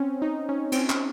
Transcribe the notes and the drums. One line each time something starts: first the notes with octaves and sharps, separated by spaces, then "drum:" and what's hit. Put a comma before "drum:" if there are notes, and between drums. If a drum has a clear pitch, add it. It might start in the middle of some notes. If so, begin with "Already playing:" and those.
Already playing: C4 C#4
D#4
C#4
C4, drum: cymbal
C#4
drum: clap